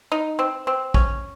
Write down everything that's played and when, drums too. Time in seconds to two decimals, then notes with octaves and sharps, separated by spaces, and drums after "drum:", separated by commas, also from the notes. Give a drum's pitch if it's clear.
0.12 D#4
0.39 C4
0.67 C4
0.94 C#4, drum: kick